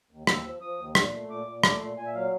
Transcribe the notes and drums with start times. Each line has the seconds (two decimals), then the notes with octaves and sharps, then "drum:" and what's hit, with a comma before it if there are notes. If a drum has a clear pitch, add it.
0.11 D#2
0.27 D#2 E6, drum: rim click
0.45 F3
0.61 F3 D#6
0.79 D#2
0.95 A#2 C6, drum: rim click
1.13 A3
1.30 A#2 D6
1.47 A#2
1.64 A3 D6, drum: rim click
1.81 A#2 C6
1.98 A#2 G#5
2.06 E5
2.14 F#3 F5